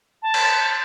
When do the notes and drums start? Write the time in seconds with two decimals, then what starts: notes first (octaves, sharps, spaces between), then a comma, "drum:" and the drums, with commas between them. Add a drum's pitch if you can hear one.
0.22 A5
0.34 drum: cymbal